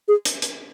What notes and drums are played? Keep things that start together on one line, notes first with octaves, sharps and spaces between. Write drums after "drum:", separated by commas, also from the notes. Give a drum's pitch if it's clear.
G#4
drum: hi-hat
drum: hi-hat